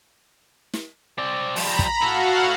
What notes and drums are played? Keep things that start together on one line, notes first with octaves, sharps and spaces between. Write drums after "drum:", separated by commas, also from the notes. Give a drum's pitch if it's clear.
drum: snare
C4 D5
F3 G3 A#5 B5, drum: open hi-hat
drum: kick
E4 F#4 A4 F5 F#5